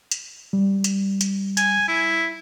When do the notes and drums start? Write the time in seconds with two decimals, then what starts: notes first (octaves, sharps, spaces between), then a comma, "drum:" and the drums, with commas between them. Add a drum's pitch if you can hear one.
0.12 drum: hi-hat
0.53 G3
0.84 drum: hi-hat
1.21 drum: hi-hat
1.57 G#5, drum: hi-hat
1.88 E4